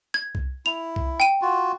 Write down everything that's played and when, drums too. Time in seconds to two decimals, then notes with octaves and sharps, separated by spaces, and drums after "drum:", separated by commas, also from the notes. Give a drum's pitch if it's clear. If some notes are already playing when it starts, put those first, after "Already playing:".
0.14 G#6
0.35 drum: kick C2
0.66 E4 F7
0.96 drum: kick C2
1.20 G5 D#7
1.42 F4 F#4